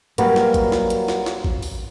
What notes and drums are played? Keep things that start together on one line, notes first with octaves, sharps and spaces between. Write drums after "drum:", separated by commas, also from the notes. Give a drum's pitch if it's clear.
F#3 G3 A#3 F#4 G4 B4, drum: hi-hat
drum: snare
drum: kick, hi-hat
drum: snare
drum: hi-hat
drum: snare
drum: snare
drum: kick
drum: open hi-hat